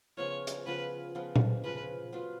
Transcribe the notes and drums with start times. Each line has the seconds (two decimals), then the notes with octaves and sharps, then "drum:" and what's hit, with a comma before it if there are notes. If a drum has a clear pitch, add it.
0.17 C#3 F3 B3 F4 C#5
0.47 drum: hi-hat
0.66 C#3 F3 B3 F4 B4
1.15 C#3 F3 B3 F4
1.36 drum: tom A#2
1.64 C#3 F3 B3 F4 B4
2.12 F#3 B3 F4